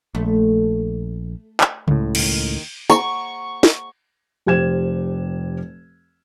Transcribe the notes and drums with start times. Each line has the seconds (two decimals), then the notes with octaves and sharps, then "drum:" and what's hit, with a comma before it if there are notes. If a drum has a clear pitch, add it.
0.15 A#1 A3
1.61 drum: clap
1.88 C#2 A2, drum: tom C#3
2.15 D#2 D#3, drum: cymbal
2.90 C#6, drum: tambourine
3.63 drum: snare
4.46 F1 G4 C5 G#6 E7